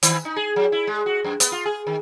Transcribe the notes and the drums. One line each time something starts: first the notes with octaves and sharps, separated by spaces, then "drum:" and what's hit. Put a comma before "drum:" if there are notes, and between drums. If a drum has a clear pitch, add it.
D#3, drum: hi-hat
D#4
G#4
F#3
E4
G#3
F#4
F#2
B3, drum: hi-hat
F4
G#4
D#3